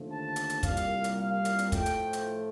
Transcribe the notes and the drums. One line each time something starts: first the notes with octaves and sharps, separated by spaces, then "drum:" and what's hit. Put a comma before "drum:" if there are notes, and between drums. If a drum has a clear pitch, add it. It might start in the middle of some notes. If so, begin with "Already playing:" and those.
Already playing: D#2 D3 F3 A3
A5
drum: hi-hat
drum: hi-hat
C2 A#2 G3 F5, drum: kick, hi-hat
drum: hi-hat
drum: hi-hat
F5
drum: hi-hat
drum: hi-hat
A2 F3 A3 G5, drum: kick, hi-hat
drum: hi-hat
drum: hi-hat